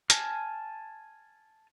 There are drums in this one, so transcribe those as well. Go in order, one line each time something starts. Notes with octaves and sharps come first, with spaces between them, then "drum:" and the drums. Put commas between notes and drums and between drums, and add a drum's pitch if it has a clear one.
G#5 A5 F6, drum: hi-hat